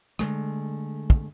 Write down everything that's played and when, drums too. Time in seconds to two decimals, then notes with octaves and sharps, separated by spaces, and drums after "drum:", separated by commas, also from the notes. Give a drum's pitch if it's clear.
0.19 D3 G#3 A3, drum: rim click
1.10 drum: kick